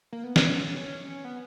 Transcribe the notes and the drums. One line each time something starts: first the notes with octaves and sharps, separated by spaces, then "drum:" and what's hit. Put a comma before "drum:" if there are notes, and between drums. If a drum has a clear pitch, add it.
A#3
B3
C#4, drum: snare
B3